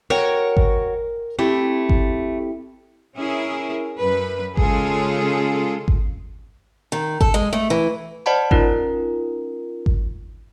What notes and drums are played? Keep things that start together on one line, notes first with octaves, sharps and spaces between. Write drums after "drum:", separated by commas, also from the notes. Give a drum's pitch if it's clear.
F#4 A#4 C#5 G5
drum: kick G#1
A3 C4 E4 G4
drum: kick G#1
C#4 E4 G#4 A#4
F#2 B4
C#3 G#3 C#4 F4 G#4 A4, drum: kick G#1
drum: kick G#1
D#3
A4, drum: kick G#1
G#3
A3
E3
C5 D5 D#5 F#5 A5 B5
C#4 D#4 F4 A#4, drum: kick G#1
drum: kick G#1